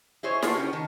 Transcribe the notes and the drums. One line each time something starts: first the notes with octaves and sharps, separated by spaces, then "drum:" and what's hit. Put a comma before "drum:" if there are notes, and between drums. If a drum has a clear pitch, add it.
E4 G#4 C5 C#5
A3 D4 F4 F#4 G#4, drum: snare
B3 C#4 G4
D#3 A5